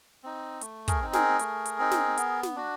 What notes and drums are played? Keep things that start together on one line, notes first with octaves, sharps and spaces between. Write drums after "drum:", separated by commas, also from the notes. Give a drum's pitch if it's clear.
C4 D#4
A3, drum: hi-hat
G#4 A#4, drum: kick, hi-hat
C4 D#4
G#4 A#4, drum: snare
A3, drum: hi-hat
drum: hi-hat
C4 D#4
drum: snare
B3, drum: hi-hat
drum: snare
D4 F#4